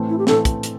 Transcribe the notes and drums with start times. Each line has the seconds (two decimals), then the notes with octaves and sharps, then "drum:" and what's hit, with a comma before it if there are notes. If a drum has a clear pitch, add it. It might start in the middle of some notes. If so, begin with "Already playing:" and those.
Already playing: A2 E3 A3 C4
0.09 E4
0.18 G4
0.27 A2 E3 A3 C4 A4, drum: snare
0.45 drum: kick, hi-hat
0.63 drum: hi-hat